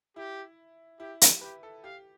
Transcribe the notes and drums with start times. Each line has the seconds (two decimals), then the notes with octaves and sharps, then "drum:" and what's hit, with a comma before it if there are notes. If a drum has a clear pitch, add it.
0.16 E4 G4
1.00 E4 G4
1.21 G4, drum: hi-hat
1.41 G4 B4
1.63 A4
1.84 G4 F5